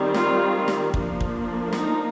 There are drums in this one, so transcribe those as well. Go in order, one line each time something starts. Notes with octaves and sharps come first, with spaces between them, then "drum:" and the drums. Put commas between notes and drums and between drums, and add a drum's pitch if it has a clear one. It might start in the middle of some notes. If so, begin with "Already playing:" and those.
Already playing: D#3 G3 C4
F4, drum: snare
drum: snare
F3 A#3 D4, drum: kick
drum: kick
D#4, drum: snare